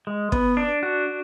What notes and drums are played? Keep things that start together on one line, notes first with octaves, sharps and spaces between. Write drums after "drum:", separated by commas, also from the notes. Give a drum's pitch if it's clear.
G#3
B3, drum: kick
D4
F#4